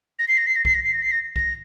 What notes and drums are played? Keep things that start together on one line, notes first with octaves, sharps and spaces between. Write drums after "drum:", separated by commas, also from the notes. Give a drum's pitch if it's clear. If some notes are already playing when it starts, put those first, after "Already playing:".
A#6
C7
A#6
C7
A#6
C7, drum: kick B1
A#6
C7
A#6
C7
A#6
A#6, drum: kick B1